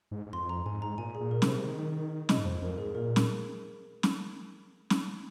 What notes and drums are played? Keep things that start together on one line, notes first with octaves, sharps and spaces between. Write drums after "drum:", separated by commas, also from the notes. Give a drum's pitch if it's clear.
G#2
G#2
F2 C6
A#5
G#2 G#5
A#5
A#2 G#5
G#4
A#2
A#4
C3, drum: snare
C5
D#3
C3 D#5, drum: snare
G#2
F2 C5
F2 A#4
G#2 G#4
A#2 A#4
drum: snare
drum: snare
drum: snare